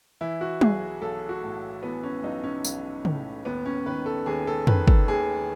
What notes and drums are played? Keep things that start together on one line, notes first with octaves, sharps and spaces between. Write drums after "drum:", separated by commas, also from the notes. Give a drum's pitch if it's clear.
E3 E4
F#4
B1 G#4, drum: tom
B1 A4
F#4
A2
E3 B3
C#4
B1 D#4
C#4
B1, drum: tambourine
A2, drum: tom
D#2 B3
C#4
D#3 B4
A4
D#2 G#4
A4
D#3 B4, drum: tom
A4, drum: kick
D#2 G#4